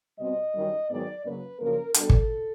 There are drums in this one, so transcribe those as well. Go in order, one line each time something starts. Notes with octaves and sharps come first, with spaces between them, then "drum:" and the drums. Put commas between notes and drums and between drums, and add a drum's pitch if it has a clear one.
B2 G3 C4 D#5
F#2 D#3 G3
G#2 D#3 F#3 B3 D5
F#2 C#3 F#3 A#3 C#4 B4
F#2 C#3 F3 A#3 A#4
B2 G3 B3 D4 A4, drum: hi-hat
drum: kick